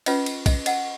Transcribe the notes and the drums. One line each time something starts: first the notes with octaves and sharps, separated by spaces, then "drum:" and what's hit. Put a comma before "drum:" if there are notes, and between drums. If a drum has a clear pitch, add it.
C#4 F4 B4 D#5, drum: cymbal
drum: cymbal
D#5, drum: kick B1, cymbal
D#5 F#5, drum: cymbal